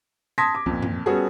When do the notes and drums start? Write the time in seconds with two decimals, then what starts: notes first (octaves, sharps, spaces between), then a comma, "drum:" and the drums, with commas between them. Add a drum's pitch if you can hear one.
0.38 A5 C6 D#6 G#6 A#6 B6
0.55 D6
0.66 F2 A#2, drum: kick C2
0.82 drum: tom F#2
1.06 G3 B3 C#4 F#4 G#4 A4